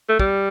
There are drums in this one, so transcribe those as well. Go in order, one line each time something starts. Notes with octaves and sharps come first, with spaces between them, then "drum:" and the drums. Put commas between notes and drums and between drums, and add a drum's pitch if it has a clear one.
A3
G3, drum: kick